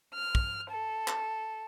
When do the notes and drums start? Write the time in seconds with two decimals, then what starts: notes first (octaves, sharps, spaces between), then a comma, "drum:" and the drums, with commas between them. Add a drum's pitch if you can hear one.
0.14 F6
0.35 drum: kick
0.71 A4
1.08 drum: clap